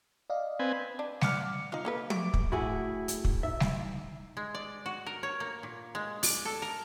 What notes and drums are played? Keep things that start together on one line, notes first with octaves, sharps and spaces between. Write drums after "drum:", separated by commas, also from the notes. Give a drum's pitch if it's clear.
D5 D#5 F5
C4 B4 G#5
D4
F#5 D6 F6, drum: snare G3
D#4 F4 F5
A#3 A4 B4
A3 D6, drum: tom
drum: kick
A2 E4 F#4 G#4
drum: hi-hat
drum: kick
D#4 E5
drum: snare G3
G#3
D5
F#4
A#4
C#5
A#3
A#2
G#3
D5, drum: open hi-hat
A4
A#4